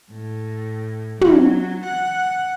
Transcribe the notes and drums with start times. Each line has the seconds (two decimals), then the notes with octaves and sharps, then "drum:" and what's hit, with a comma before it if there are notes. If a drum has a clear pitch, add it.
0.11 A2
1.21 F#3, drum: tom
1.87 F#5